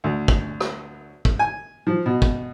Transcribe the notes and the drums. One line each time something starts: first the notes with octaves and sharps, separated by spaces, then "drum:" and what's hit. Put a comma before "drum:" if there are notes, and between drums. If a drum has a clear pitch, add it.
D2
drum: kick
drum: rim click
drum: kick
G#5
F3
B2
drum: kick